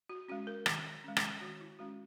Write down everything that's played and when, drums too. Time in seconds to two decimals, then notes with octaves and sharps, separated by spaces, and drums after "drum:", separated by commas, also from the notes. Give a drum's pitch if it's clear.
0.09 F#4
0.28 G#3 C#4 F#4
0.47 A#4
0.66 D#3, drum: rim click
1.04 G#3 C#4
1.17 drum: rim click
1.41 D#3 F#4
1.61 E4
1.79 G#3 C#4 F#4